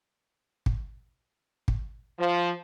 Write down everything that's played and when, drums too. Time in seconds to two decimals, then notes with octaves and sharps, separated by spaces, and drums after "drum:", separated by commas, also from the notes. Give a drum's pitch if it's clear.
0.66 drum: kick
1.68 drum: kick
2.19 F3